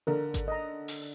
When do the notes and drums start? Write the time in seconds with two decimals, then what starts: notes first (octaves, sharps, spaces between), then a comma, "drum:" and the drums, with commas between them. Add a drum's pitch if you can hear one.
0.07 D3 A#4
0.34 drum: kick G#1, hi-hat
0.48 D#5 A#5
0.88 drum: open hi-hat